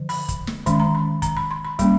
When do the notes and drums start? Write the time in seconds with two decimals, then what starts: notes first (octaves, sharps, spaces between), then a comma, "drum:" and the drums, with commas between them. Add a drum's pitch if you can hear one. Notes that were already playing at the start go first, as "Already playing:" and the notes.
Already playing: D3 F3
0.09 B5, drum: open hi-hat
0.28 drum: kick, hi-hat
0.47 drum: snare
0.66 D#3 G#3 C#4 B5, drum: kick, hi-hat
0.80 A#5
0.95 B5
1.22 A#5, drum: kick, hi-hat
1.37 B5
1.51 C6
1.65 B5
1.79 G3 A#3 C#4 B5, drum: kick, hi-hat